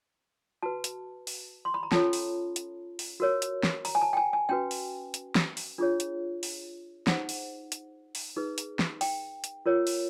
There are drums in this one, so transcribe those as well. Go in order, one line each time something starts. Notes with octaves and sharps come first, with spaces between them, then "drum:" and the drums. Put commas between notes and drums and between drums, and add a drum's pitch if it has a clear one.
F#4 B4 A5
drum: hi-hat
drum: open hi-hat
C6
B5
A#5
C#4 F4 A4 C#5 A5, drum: snare
drum: open hi-hat
drum: hi-hat
drum: open hi-hat
F#4 A#4 C#5
drum: hi-hat
drum: snare
A#5, drum: open hi-hat
G#5
A5
G5
G#5
G#5
C#4 F#4 B4 G5
drum: open hi-hat
drum: hi-hat
drum: snare
drum: open hi-hat
D4 F4 G#4 C#5
drum: hi-hat
drum: open hi-hat
D#4 G#4 C5 F#5, drum: snare
drum: open hi-hat
drum: hi-hat
drum: open hi-hat
D#4 G#4 B4
drum: hi-hat
drum: snare
G5, drum: open hi-hat
drum: hi-hat
F4 A#4 C#5
drum: open hi-hat